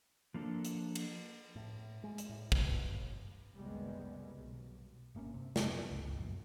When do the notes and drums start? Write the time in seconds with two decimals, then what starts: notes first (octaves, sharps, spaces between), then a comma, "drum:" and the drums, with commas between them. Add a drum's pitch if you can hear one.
0.34 F3 A#3 D4 A4
0.65 drum: hi-hat
0.95 drum: cymbal
1.56 A2
2.04 G#3
2.18 drum: hi-hat
2.29 A2
2.52 B2, drum: kick
2.77 F#1
2.91 G1
3.55 F#1 C2 D#3 G3 G#3 B3
4.33 B1
5.15 G1 A3 A#3 C#4
5.34 C3
5.56 F1 C3 B3, drum: snare
5.90 G1 C#2
6.17 A#1 F#2